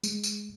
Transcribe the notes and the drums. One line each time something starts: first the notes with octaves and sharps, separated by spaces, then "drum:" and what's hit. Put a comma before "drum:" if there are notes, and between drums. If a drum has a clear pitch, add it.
G#3, drum: tambourine
drum: tambourine